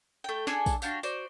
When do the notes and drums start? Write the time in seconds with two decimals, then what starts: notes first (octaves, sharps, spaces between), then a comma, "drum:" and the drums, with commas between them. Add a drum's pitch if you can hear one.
0.24 A3 G5
0.47 D4 G#4 A4 G#5, drum: snare
0.66 drum: kick, tambourine
0.82 D4 F#4 G4 F5, drum: tambourine
1.03 F#4 C5 D5, drum: tambourine